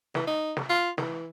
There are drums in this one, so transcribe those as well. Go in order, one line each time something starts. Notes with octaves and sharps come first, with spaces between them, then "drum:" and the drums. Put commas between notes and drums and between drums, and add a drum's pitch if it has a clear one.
E3, drum: snare
D#4
drum: snare
F4
E3, drum: snare